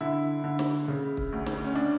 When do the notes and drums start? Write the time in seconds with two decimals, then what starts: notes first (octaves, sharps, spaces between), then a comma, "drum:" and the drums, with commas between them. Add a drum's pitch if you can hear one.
0.01 D3 E4
0.44 D3
0.59 drum: snare
0.88 C#3
1.17 drum: kick
1.32 D2
1.46 drum: snare
1.64 C#4
1.75 D4